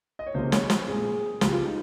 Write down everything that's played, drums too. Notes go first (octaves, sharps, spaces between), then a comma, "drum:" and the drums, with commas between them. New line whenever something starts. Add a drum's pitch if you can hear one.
D#5
C#5
C#2 C3 F3 A#3 C#4 C5
C#5, drum: snare
C5, drum: snare
A#2 G#3 C4 G#4
C#2 C#3 F3 G4, drum: snare
F4
D#4